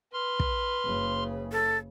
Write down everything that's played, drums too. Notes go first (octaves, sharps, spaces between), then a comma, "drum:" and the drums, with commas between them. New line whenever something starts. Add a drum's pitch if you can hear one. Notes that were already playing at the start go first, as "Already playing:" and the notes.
B4 C6 F6
drum: kick
F#1 C#3
A4